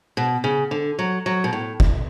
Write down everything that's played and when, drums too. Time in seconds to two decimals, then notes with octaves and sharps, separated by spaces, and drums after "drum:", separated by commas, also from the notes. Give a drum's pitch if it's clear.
0.17 B2
0.44 C#3
0.71 D3
0.99 F#3
1.26 F#3
1.44 B2
1.53 A2
1.80 drum: kick